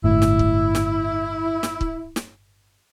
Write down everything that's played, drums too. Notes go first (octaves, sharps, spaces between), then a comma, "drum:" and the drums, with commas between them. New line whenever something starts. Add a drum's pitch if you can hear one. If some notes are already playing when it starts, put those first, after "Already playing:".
G1 A2 E4
drum: snare
drum: kick
drum: snare
drum: snare
drum: kick
drum: snare